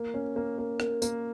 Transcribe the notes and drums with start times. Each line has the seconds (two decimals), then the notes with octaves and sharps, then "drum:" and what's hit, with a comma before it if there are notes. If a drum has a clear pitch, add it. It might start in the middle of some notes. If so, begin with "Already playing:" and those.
Already playing: A#3
0.14 C#4
0.36 A#3
0.58 A#3
0.80 A#3, drum: rim click
1.02 A#3, drum: tambourine